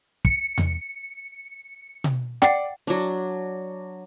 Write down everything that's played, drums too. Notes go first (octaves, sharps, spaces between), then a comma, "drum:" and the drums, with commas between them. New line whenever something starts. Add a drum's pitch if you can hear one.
C#7, drum: kick
drum: tom E2
drum: tom B2
D5 F#5 G5, drum: snare
F#3 D4, drum: hi-hat